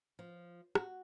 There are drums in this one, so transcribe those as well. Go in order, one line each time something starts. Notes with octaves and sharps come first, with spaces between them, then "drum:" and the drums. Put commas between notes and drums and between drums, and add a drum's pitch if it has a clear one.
F3
F#4, drum: rim click